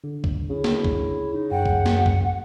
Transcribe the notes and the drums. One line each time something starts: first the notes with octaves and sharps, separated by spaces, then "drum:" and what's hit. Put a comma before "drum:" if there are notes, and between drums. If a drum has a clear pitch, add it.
D3
drum: kick
C#3 E4
drum: snare
drum: kick
D#4
F#2 F#5 G5
drum: kick
drum: snare
drum: kick